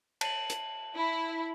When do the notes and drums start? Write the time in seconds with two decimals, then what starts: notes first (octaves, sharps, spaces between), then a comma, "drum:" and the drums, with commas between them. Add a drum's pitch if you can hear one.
0.21 A5 F#7, drum: cymbal
0.50 drum: hi-hat
0.95 E4